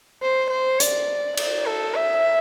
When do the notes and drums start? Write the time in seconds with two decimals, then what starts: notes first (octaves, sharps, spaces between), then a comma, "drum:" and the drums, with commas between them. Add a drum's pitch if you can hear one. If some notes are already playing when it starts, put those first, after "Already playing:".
0.22 C5
0.51 C5
0.80 D5, drum: hi-hat
1.37 D5, drum: cymbal
1.66 A4
1.95 E5